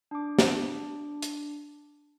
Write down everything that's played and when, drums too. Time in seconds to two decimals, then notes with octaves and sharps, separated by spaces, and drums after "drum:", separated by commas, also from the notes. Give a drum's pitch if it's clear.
0.11 D4 D6
0.39 drum: snare
1.23 drum: hi-hat